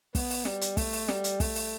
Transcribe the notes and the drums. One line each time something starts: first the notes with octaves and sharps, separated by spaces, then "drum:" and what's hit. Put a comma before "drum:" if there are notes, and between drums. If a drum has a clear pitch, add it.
B3, drum: kick, open hi-hat
drum: open hi-hat
G3, drum: snare
drum: hi-hat
A3, drum: kick, open hi-hat
drum: open hi-hat
G3, drum: snare
drum: hi-hat
A3, drum: kick, open hi-hat
drum: open hi-hat